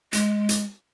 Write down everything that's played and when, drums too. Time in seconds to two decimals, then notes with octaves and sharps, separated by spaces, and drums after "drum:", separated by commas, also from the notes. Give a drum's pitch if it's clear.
0.13 G#3, drum: hi-hat
0.49 drum: hi-hat